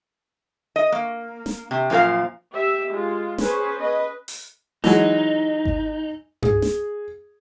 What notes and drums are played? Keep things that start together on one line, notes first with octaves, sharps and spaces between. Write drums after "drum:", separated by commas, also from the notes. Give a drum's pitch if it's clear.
D#5
A#3
drum: snare
C3
F#2 A#2 F3 A#4 F5
G4 E5
G#3 F4
C#4 G#4 B4 C5, drum: snare
B4 D#5
drum: open hi-hat
E3 F#3 G#3 D#4, drum: snare
drum: kick G#1
G#4, drum: tom G2
drum: snare